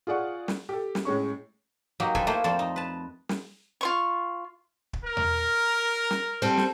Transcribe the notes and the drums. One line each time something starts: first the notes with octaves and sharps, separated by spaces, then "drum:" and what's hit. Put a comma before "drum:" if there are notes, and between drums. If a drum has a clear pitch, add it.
F4 G#4 D5 F#5 C#6
drum: snare
G4 A4
drum: snare
A2 G#3 C#4 C#6
F#3 A#3 D#4 G4
A4 B4 C5 G5 G#5, drum: kick
A3 A#3 E4 C5
F2 C5 D5 G5 A5
D#4
B4 A5
drum: snare
F4 C5 C#6
drum: kick
A#4
drum: tom E2
drum: snare
G3 C4 A4
drum: snare